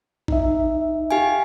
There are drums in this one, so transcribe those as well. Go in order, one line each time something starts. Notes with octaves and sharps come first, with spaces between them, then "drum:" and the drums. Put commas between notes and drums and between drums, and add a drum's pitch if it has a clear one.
D#4 E5, drum: kick A1
G4 F5 G#5